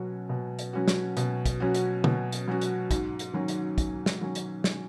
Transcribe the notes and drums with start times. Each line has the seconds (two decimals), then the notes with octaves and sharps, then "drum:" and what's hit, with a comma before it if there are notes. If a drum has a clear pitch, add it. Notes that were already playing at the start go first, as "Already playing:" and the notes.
Already playing: B2 F#3 C#4 F#4
0.29 B2
0.59 drum: hi-hat
0.73 F#3 C#4 F#4
0.88 drum: snare
1.17 B2, drum: hi-hat
1.46 drum: kick, hi-hat
1.60 F#3 C#4 F#4
1.75 drum: hi-hat
2.04 B2, drum: tom
2.32 drum: hi-hat
2.48 F#3 C#4 F#4
2.61 drum: hi-hat
2.91 G#2, drum: kick, hi-hat
3.19 drum: hi-hat
3.33 D#3 F#3 C#4
3.48 drum: hi-hat
3.78 G#2, drum: kick, hi-hat
4.06 drum: snare
4.21 D#3 F#3 C#4
4.35 drum: hi-hat
4.64 drum: snare